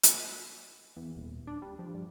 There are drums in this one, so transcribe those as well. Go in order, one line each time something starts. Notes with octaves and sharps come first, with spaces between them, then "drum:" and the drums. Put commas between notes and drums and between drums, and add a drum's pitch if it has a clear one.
drum: hi-hat
E2
D#1
D4
G3
F3
G2